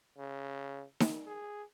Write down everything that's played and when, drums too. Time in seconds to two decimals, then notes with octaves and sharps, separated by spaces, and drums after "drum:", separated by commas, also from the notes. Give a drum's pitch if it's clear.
0.18 C#3
1.00 drum: snare D#4
1.27 G#4